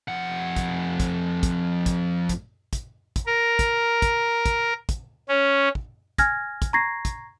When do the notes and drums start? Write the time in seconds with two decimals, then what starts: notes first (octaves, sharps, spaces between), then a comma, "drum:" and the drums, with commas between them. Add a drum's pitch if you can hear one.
0.08 F2 F#5
0.56 drum: kick, hi-hat
1.00 drum: kick, hi-hat
1.43 drum: kick, hi-hat
1.86 drum: kick, hi-hat
2.29 drum: kick, hi-hat
2.73 drum: kick, hi-hat
3.16 drum: kick, hi-hat
3.26 A#4
3.59 drum: kick, hi-hat
4.02 drum: kick, hi-hat
4.46 drum: kick, hi-hat
4.89 drum: kick, hi-hat
5.28 C#4
5.75 drum: kick
6.18 G#5 F6 G#6 A#6, drum: kick, hi-hat
6.62 drum: kick, hi-hat
6.73 A#5 C#6 G#6 A#6 C7
7.05 drum: kick, hi-hat